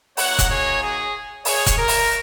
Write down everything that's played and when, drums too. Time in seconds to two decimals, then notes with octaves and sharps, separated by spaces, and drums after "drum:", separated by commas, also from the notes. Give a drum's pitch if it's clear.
0.17 A#3 D#4 F#4 C#5 F#5, drum: open hi-hat
0.39 drum: kick F1, hi-hat
0.49 G#4 C#5
0.82 G#4
1.45 G#4 C#5, drum: open hi-hat
1.67 drum: kick F1, hi-hat
1.77 A#4
1.88 drum: open hi-hat